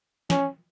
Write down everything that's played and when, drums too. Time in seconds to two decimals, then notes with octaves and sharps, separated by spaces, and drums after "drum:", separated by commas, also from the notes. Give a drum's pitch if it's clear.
0.30 C#4, drum: snare